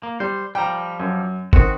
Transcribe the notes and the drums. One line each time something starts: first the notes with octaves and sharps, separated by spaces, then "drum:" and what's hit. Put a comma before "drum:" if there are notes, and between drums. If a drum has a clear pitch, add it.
A#3
G3 C5
F3 G3 G5 A#5
F#2
D#3 C4 F#4, drum: kick G1